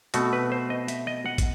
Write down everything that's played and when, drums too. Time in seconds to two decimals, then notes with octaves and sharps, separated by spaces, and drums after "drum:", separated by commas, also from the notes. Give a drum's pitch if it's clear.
0.14 B2 A3 C4 F#4, drum: hi-hat
0.33 B4
0.52 C5
0.70 D#5
0.88 E5, drum: hi-hat
1.07 D#5
1.26 F#5
1.38 drum: kick, hi-hat